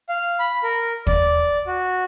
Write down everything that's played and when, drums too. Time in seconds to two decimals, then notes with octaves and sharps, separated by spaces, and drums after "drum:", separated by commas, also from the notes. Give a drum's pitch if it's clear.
0.09 F5
0.39 B5
0.63 A#4
1.07 D5, drum: kick
1.67 F#4